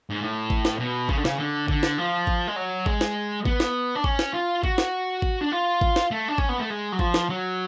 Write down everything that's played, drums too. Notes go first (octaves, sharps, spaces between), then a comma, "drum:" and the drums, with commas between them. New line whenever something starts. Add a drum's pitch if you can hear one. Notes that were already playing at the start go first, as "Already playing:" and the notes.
G#2
A2
drum: kick G#1
drum: snare
B2
C#3, drum: kick G#1
D3
C#3, drum: snare
D3
D3, drum: kick G#1
drum: snare
F3
drum: kick G#1
G#3
F#3
G#3, drum: kick G#1
drum: snare
B3, drum: kick G#1
drum: snare
D4
C#4, drum: kick G#1
drum: snare
F4
F#4, drum: kick G#1
drum: snare
drum: kick G#1
D4
F4
drum: kick G#1
drum: snare
A3
D4
C#4, drum: kick G#1
B3
A3
G#3
F#3
F3, drum: kick G#1
drum: snare
F#3